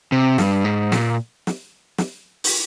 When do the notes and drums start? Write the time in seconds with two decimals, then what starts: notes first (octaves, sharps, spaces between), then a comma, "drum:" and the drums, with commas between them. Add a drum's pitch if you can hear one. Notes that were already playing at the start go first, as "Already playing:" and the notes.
0.12 C3
0.38 G2, drum: snare
0.65 G#2
0.92 A#2, drum: snare
1.47 drum: snare
1.98 drum: snare
2.44 drum: open hi-hat